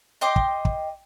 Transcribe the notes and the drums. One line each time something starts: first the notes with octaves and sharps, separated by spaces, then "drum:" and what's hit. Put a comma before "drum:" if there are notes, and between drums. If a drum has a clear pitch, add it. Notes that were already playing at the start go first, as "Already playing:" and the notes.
D#5 G5 C6 D6
drum: kick
drum: kick